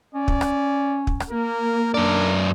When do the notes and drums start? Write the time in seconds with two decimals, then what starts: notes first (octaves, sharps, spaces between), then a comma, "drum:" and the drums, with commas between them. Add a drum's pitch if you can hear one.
0.15 C#4 D5
0.28 drum: kick
0.41 drum: rim click
1.07 drum: kick
1.20 drum: rim click
1.31 A#3 A#4
1.94 F#2 D4 A#4 D5